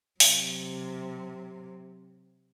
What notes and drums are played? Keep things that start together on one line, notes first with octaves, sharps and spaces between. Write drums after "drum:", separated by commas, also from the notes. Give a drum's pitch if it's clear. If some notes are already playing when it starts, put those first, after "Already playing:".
C3 F#3, drum: open hi-hat